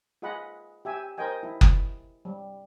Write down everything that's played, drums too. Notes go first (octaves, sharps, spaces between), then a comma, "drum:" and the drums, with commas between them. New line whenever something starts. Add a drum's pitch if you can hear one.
F4 G#4 D#5 F#5 B5
G4 E5 G#5
A#4 C5 D#5 G5 G#5
E4
drum: kick F#1
G3